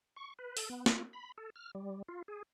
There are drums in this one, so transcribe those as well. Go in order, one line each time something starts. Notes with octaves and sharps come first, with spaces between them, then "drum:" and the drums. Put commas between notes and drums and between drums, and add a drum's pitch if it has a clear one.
C#6
B4
A4, drum: open hi-hat
B3
F4, drum: snare
B5
A4
F6
G3
F4
G#4